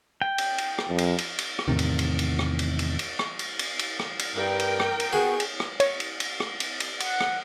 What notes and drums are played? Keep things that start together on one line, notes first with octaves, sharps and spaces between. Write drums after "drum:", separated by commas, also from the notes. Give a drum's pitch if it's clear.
G5
drum: cymbal
drum: cymbal
drum: rim click
F2
drum: cymbal
drum: cymbal
drum: cymbal
drum: rim click
E2 A2 C3 D#3
drum: cymbal
drum: cymbal
drum: cymbal
drum: rim click
drum: cymbal
drum: cymbal
drum: cymbal
drum: rim click
drum: cymbal
drum: cymbal
drum: cymbal
drum: rim click
drum: cymbal
G2 A#4 G5
drum: cymbal
drum: rim click
drum: cymbal
B3 F#4 G#4
drum: cymbal
drum: rim click
C#5, drum: cymbal
drum: cymbal
drum: cymbal
drum: rim click
drum: cymbal
drum: cymbal
F#5, drum: cymbal
drum: rim click